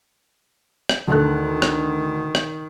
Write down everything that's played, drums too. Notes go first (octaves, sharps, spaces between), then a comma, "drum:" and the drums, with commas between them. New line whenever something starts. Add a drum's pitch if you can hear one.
drum: rim click
D2 D#3 A4 F#6
drum: rim click
drum: rim click